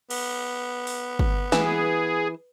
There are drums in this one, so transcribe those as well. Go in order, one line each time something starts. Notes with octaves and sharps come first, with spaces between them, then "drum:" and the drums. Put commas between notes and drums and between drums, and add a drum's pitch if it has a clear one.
B3, drum: cymbal
drum: open hi-hat
drum: kick
E3 G#4, drum: snare